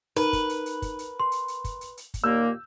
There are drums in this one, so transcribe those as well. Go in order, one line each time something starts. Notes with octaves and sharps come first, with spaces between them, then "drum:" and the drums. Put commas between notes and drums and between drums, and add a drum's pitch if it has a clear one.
D#4 A#4 B4, drum: hi-hat
drum: kick, hi-hat
drum: hi-hat
drum: hi-hat
drum: kick, hi-hat
drum: hi-hat
C6
drum: hi-hat
drum: hi-hat
drum: kick, hi-hat
drum: hi-hat
drum: hi-hat
drum: kick, hi-hat
D#2 A#2 A#3 E6 G6